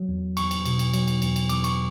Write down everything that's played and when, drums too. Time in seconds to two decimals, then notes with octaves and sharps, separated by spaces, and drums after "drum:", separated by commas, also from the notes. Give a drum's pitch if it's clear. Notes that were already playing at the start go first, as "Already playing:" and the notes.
Already playing: F#3
0.08 E2
0.37 E2 C#6, drum: cymbal
0.51 drum: cymbal
0.65 B2, drum: cymbal
0.79 drum: cymbal
0.93 F#3, drum: cymbal
1.08 drum: cymbal
1.22 E2, drum: cymbal
1.36 drum: cymbal
1.49 E2 D6, drum: cymbal
1.64 C#6, drum: cymbal